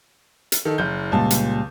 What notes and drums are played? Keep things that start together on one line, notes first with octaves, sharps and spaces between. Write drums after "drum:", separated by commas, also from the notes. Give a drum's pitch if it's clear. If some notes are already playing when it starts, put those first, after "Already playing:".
drum: hi-hat
D#3 A4
F#1 G6
C#2 A#2 G3 A5
drum: hi-hat